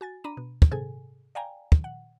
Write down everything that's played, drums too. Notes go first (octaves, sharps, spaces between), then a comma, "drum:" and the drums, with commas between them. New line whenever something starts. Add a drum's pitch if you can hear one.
F#4 G#5 A6
D4 A#5 B5 D#7
B2
drum: kick
G#2 C3 G#4 A4 G#5
D5 F5 G5 G#5 A#5
drum: kick
F#5